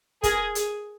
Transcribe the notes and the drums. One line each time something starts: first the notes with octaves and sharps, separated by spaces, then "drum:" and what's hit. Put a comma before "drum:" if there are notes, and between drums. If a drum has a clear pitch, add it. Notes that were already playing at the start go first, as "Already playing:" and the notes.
G#4 A#4, drum: kick, hi-hat
G#4, drum: hi-hat